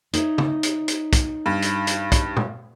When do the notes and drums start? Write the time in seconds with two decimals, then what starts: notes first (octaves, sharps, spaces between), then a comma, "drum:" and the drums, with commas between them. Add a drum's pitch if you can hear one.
0.13 D#4 C#5 E5, drum: hi-hat
0.38 drum: tom
0.63 drum: hi-hat
0.88 drum: hi-hat
1.13 drum: kick, hi-hat
1.46 G2
1.62 drum: hi-hat
1.87 drum: hi-hat
2.12 drum: kick, hi-hat
2.37 drum: tom